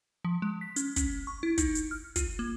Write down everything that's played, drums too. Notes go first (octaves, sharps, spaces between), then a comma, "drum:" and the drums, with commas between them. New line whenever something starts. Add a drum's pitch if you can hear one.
F3
G#3
B6
C#4, drum: hi-hat
C#4, drum: kick, hi-hat
C#6
E4
D#4, drum: kick, hi-hat
drum: hi-hat
F6
F4, drum: kick, hi-hat
A#3